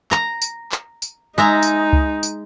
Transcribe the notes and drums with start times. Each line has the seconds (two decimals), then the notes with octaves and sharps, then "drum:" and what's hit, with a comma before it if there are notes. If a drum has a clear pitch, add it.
0.11 A#5, drum: clap
0.42 drum: tambourine
0.72 drum: clap
1.02 drum: tambourine
1.38 G#3 D#4 E5 A#5
1.62 drum: tambourine
1.93 drum: kick C#2
2.23 drum: tambourine